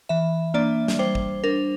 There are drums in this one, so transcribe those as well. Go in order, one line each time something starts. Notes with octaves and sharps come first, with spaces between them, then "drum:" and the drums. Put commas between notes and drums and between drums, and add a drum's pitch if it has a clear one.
E3 E5
A#3 D4 D5
drum: snare
G3 C5
drum: kick
D4 A#4